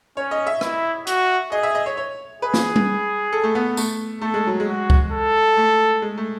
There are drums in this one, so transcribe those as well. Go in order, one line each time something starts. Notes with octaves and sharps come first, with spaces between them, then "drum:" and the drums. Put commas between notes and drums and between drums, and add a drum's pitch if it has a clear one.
C#4 C#5
D#5
E5
E4, drum: rim click
F#4, drum: hi-hat
G#4 D#5
E5
D#5
C#5
C#5
G#4 B4
drum: snare
drum: tom G3
A4
A3
B3
A3, drum: tambourine
A3 A4
G#3
F#3
G#3
F#4
drum: kick C2
A4
A3
G#3
A3